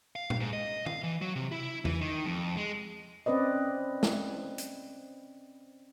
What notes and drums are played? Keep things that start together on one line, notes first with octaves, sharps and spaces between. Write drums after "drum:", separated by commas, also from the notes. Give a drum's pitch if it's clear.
F5
drum: tom A#2
G#2
D#5
F5, drum: tom
E3
F#3
C3
E4
E3, drum: tom E2
D#3
F2
G#3
C4 C#4 B4 D5 D#5
drum: snare
drum: hi-hat